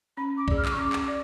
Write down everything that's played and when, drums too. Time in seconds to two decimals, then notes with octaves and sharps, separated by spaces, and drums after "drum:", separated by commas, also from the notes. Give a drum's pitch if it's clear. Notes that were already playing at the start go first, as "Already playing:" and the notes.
0.17 C#4 B5
0.37 D6
0.48 G#4 D5, drum: kick
0.57 F6
0.65 D6, drum: clap
0.72 C#6
0.77 C#4 D6
0.93 drum: clap
1.08 D5